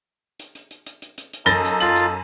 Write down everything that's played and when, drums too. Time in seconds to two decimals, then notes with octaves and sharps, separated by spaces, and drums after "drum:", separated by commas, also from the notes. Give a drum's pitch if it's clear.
0.40 drum: hi-hat
0.55 drum: hi-hat
0.71 drum: hi-hat
0.86 drum: hi-hat
1.02 drum: hi-hat
1.18 drum: hi-hat
1.33 drum: hi-hat
1.46 F#2 A#3 D#4 A4 A6 A#6 G7
1.65 drum: hi-hat
1.80 F4 A6 F#7, drum: hi-hat
1.96 drum: hi-hat